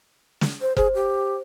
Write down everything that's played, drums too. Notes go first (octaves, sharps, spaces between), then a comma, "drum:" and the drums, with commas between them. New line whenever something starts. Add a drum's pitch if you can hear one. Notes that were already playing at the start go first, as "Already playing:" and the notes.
drum: snare
C5
G#4 C5, drum: kick F#1
G4